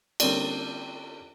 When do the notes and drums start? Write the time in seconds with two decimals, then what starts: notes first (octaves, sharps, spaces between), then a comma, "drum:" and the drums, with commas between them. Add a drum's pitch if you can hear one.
0.20 D3 G3 A#3 C4 C#4 D5, drum: cymbal